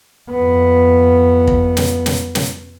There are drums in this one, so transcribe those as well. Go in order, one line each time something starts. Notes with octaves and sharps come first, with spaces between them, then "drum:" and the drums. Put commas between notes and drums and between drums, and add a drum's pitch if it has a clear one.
F2 B3
drum: kick
drum: snare
drum: snare
drum: snare